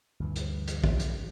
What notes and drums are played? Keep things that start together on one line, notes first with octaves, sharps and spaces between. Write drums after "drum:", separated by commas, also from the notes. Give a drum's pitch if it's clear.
D2 G2 E3
drum: hi-hat
drum: hi-hat
drum: kick
drum: hi-hat